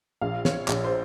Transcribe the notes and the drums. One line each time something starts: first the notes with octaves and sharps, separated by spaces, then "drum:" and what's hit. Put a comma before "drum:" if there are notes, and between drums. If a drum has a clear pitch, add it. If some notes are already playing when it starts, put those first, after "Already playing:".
A#1 F5
C#5, drum: snare
A#1, drum: clap
C5